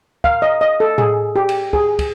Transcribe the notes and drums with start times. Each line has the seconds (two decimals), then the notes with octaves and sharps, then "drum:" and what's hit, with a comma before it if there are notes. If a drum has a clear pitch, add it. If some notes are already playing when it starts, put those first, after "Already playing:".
0.24 F5, drum: kick
0.42 D#5
0.61 D#5
0.80 A4
0.98 G#4, drum: tom A2
1.36 G4
1.49 drum: cymbal
1.73 G#4, drum: kick
1.99 drum: kick, cymbal